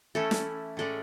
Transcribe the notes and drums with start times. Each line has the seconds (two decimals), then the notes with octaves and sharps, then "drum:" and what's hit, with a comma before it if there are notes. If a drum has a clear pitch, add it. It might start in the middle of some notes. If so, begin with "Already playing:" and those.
0.15 E3 A3 C#4 E4 A4
0.31 drum: snare
0.77 A2 G#3 C#4 G#4 A4 D5